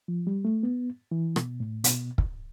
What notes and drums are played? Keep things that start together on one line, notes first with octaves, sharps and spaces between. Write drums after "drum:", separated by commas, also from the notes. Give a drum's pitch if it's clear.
F3
G3
A3
B3
E3
B2, drum: rim click
A2
B2, drum: hi-hat
drum: kick